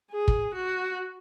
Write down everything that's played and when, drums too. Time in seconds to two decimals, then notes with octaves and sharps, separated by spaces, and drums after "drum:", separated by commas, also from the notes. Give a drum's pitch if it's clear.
0.11 G#4
0.28 drum: kick
0.54 F#4